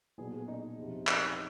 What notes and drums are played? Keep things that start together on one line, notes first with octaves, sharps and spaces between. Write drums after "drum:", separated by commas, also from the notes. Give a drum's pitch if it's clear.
B1 A#2 F#3 B3 G#4
G#4
D#4
E2 C3 F3
D#4, drum: clap